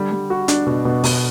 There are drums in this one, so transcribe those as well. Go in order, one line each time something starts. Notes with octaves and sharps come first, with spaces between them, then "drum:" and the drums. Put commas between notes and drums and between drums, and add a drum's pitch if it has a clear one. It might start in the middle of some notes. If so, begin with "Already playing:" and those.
Already playing: D3 G3
G3
F#4
D4, drum: hi-hat
B2
B2
B2, drum: open hi-hat